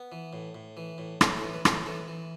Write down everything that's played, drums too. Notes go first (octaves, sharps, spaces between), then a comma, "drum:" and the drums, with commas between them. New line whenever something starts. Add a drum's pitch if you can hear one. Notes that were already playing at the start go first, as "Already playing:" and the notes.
Already playing: B3
E3
A2
A2
E3
A2
A2 D4, drum: rim click
A4
E3
B4
A2 A4, drum: rim click
E3 A4
E3